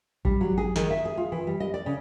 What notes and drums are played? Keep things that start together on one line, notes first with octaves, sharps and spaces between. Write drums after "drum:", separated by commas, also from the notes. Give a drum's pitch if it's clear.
G3, drum: kick A1
F#3
G#4
D#3, drum: snare
E5
G#4
F4
E3
G3
D#5
D5
C#3